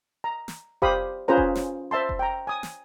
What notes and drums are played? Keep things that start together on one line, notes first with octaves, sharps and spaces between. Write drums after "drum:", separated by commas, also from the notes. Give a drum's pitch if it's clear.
A#5
drum: snare
G4 C5 F5 B5 D#6, drum: kick F1
C#4 F4 G#4 B4 C5 A#5
drum: kick F1
drum: snare
C5 E5 A5 C6
drum: kick F1
G5 A#5
G#5 D#6
drum: snare